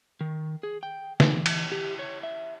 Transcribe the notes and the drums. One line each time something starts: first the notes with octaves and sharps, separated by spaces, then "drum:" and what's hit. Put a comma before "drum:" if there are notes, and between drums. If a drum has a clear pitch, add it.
D#3
G#4
G5
E3, drum: snare
drum: cymbal
G4
C#5
E5